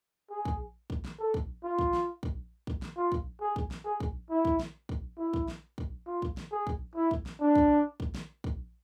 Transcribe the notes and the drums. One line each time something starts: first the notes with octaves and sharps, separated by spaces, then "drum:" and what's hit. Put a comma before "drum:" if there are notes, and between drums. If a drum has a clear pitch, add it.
G#4
drum: kick
drum: kick
drum: snare
A4
drum: kick
F4
drum: kick
drum: snare
drum: kick
drum: kick
drum: snare
F4
drum: kick
G#4
drum: kick
drum: snare
G#4
drum: kick
E4
drum: kick
drum: snare
drum: kick
E4
drum: kick
drum: snare
drum: kick
F4
drum: kick
drum: snare
G#4
drum: kick
E4
drum: kick
drum: snare
D4
drum: kick
drum: kick
drum: snare
drum: kick